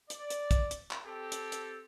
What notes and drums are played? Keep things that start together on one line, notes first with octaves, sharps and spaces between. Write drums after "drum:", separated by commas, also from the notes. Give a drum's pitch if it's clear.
D5, drum: hi-hat
drum: hi-hat
drum: kick, hi-hat
drum: hi-hat
drum: clap
C4 G4 A4
drum: hi-hat
drum: hi-hat